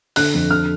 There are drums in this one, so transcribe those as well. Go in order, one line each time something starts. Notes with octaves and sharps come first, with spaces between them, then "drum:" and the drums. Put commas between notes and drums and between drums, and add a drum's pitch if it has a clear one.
D3 F#6, drum: open hi-hat
F2
D3 F6